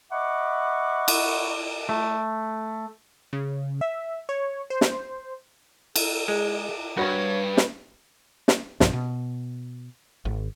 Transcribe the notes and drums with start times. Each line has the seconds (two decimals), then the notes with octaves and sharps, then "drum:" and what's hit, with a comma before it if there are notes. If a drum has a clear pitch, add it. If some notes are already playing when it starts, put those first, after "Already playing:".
0.12 D#5 E5 F#5 B5 C#6 D6
1.08 drum: cymbal
1.89 A3
3.33 C#3
3.81 E5
4.29 C#5
4.70 C5
4.81 drum: snare
5.96 A4, drum: cymbal
6.28 G#3 G#4
6.97 G2 F#4 B4 C#5 B5
7.57 drum: snare
8.48 drum: snare
8.80 B1 G2 F3, drum: snare
8.93 B2
10.25 G#1